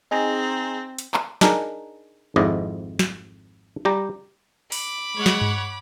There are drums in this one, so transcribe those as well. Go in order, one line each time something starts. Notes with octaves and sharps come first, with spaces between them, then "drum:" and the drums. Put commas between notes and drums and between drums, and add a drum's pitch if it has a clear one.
C4 D#4 G#4 A#5
drum: hi-hat
drum: clap
D4 D#4 G#4 A#4, drum: snare
G#1 F2 G#2 E4 D5 D#5
drum: snare
G3 G4 A#5
B5 D6, drum: open hi-hat
G#3 C#5 F#5
drum: snare
drum: tom G2